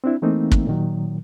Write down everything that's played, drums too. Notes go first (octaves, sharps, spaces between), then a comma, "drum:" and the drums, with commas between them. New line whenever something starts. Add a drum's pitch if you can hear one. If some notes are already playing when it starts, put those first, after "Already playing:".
C4 D4 E4
E3 A3 A#3 C4 D#4
drum: kick
A#2 D#3 F#3